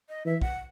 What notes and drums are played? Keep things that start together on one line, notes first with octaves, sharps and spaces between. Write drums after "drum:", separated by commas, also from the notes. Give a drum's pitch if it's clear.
D#5
E3 E5
F#5, drum: kick B1